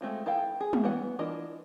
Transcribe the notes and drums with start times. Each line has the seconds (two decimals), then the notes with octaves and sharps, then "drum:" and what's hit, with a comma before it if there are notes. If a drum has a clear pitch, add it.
0.01 G#3 A3 C4 F4
0.26 E4 A4 F5 G5
0.61 G#4
0.73 drum: tom
0.84 E3 B3 F#4 F#5
1.19 E3 D4 F4 A#4 D#5